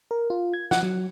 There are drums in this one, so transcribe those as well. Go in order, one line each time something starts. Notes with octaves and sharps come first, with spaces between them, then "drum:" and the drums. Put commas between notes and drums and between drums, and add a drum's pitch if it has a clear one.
A#4
F4
G#6
F#5, drum: snare
F#3